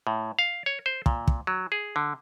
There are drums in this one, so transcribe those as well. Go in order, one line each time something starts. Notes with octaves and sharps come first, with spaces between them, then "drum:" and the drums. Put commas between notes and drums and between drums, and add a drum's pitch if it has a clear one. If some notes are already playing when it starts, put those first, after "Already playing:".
A2
F5
C#5
C5
A#2, drum: kick
drum: kick
F#3
G#4
D3